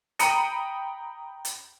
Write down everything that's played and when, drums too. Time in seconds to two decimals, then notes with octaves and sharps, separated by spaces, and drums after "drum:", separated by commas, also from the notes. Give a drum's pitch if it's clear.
0.19 G5 A#5 B5 D#6 C#7 D#7, drum: hi-hat
1.45 drum: hi-hat